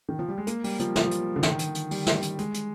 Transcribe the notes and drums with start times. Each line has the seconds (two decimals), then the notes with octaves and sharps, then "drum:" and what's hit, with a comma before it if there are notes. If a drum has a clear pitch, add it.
0.09 D#3
0.19 F3
0.28 G3
0.38 G#3
0.47 A#3, drum: hi-hat
0.64 G3, drum: open hi-hat
0.80 F3, drum: hi-hat
0.96 F3, drum: snare
1.11 drum: hi-hat
1.36 D3
1.43 D#3, drum: snare
1.59 drum: hi-hat
1.75 drum: hi-hat
1.91 G3, drum: open hi-hat
2.07 drum: snare
2.22 drum: hi-hat
2.39 G#3, drum: hi-hat
2.54 drum: hi-hat